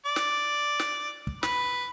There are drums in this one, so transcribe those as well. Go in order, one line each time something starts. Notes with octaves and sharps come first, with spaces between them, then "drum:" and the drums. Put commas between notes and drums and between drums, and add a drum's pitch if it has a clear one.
D5
drum: snare
drum: snare
drum: kick
B4, drum: snare